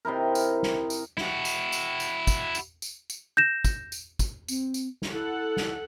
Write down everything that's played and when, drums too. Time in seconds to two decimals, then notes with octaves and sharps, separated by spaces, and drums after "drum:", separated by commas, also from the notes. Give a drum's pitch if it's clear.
0.05 C3 D#4 E4 A#4
0.35 drum: tambourine
0.63 drum: snare
0.90 drum: tambourine
1.17 E4 F#4, drum: snare
1.45 drum: tambourine
1.72 drum: tambourine
2.00 drum: tambourine
2.27 drum: kick, tambourine
2.55 drum: tambourine
2.82 drum: tambourine
3.10 drum: tambourine
3.37 G6 A#6 E7
3.65 drum: kick, tambourine
3.92 drum: tambourine
4.19 drum: kick, tambourine
4.48 C4, drum: tambourine
4.74 drum: tambourine
5.02 drum: snare
5.11 E4 A4 F#5
5.57 drum: snare